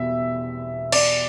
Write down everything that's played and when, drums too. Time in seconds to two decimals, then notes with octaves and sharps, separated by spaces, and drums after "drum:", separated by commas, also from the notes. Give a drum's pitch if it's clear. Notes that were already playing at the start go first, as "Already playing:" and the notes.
Already playing: E2 B2 G3 E5
0.92 D5, drum: cymbal